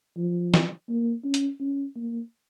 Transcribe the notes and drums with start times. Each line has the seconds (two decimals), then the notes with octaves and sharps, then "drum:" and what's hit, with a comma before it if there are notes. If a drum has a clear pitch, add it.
0.17 F3
0.54 drum: snare
0.89 A#3
1.24 C#4
1.34 drum: hi-hat
1.60 C#4
1.95 A#3